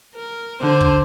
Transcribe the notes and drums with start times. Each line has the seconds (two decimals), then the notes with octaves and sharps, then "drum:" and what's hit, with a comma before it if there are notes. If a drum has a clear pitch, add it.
0.15 A#4
0.60 D3 D4 C5
0.81 drum: kick